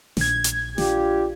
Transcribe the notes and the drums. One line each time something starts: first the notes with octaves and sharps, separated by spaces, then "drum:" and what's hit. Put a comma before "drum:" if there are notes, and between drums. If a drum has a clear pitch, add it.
A#1 G#6, drum: snare
drum: hi-hat
D4 F4 G4, drum: snare